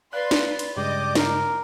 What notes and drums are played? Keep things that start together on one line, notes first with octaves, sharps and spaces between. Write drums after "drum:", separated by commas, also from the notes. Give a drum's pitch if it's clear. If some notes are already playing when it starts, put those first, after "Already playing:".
B4 D5 F5 C6 F#6
drum: snare
drum: cymbal
G2 C#3 G#3 G4 D#5 D6
A#4, drum: snare